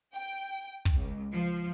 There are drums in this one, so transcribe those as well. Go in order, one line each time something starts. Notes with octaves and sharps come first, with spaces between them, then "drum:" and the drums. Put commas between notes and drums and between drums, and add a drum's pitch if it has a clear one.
G5
drum: kick
C#2
F3